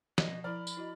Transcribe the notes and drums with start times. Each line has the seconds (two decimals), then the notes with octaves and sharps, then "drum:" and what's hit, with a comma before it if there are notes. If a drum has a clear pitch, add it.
0.18 B2 F3 D#5, drum: snare
0.44 F3 E4 A#4 D5 B5 F6
0.67 drum: tambourine
0.77 E4 F#4 D#5